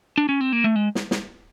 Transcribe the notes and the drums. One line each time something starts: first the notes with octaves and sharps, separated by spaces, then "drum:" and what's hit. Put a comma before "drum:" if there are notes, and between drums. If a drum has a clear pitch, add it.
D4
C#4
C4
A#3
A3
G#3
drum: snare
drum: snare